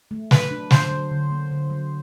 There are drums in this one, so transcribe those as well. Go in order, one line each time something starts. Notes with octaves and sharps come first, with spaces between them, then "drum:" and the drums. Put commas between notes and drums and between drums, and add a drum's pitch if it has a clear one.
A3
F#3 B4, drum: snare
D4
D3 C5, drum: snare
F#3
D3
A#3
D3
F#3